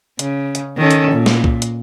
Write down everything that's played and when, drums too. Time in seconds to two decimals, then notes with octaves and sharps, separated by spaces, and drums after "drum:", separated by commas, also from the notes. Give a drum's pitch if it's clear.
0.19 C#3, drum: hi-hat
0.55 drum: hi-hat
0.78 D#3 C#4 A4
0.91 drum: hi-hat
1.11 A#2
1.26 drum: snare
1.44 drum: kick C2
1.62 drum: hi-hat